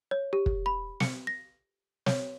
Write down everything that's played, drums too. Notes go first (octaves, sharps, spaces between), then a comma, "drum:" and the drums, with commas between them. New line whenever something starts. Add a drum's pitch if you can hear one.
C#5
G4
drum: kick
B5
C#7, drum: snare
A#6
C#5, drum: snare